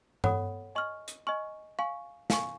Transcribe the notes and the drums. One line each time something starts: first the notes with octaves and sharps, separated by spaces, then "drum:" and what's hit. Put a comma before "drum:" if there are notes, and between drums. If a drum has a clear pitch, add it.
A4 C#5 F#5 B5 D#6, drum: tom G2
D#5 G#5 C#6 F6
drum: hi-hat
D#5 G#5 C#6 F6
F5 G#5 C#6
F5 G#5 C#6, drum: snare